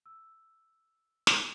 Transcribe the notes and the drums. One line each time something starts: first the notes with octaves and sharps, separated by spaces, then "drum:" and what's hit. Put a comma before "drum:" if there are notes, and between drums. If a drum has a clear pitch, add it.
E6
drum: snare